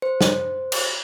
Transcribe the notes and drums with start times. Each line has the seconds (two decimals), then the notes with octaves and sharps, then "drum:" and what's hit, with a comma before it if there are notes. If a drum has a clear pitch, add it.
0.02 C5
0.21 drum: snare
0.72 drum: cymbal